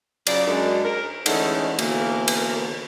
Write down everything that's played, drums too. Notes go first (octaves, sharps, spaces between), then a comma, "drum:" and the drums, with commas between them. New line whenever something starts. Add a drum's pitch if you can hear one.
C#3 F#3 F4 D5, drum: cymbal
F#2 G#3 D4
A#4
D3 E3 G#3 A3 C#4 D#4, drum: cymbal
B2 D3 E3 A#3, drum: cymbal
drum: cymbal